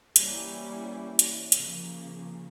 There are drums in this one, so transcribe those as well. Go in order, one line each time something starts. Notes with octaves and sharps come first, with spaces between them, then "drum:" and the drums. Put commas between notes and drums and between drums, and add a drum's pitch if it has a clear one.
E3 G3 A#3 C#4 E4, drum: hi-hat
drum: hi-hat
C#3 F3 A#3, drum: hi-hat